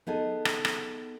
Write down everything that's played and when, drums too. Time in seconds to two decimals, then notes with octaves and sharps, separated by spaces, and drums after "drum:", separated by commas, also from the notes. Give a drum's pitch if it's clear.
0.07 B3 D#4 G#4 A4
0.45 drum: rim click
0.65 drum: rim click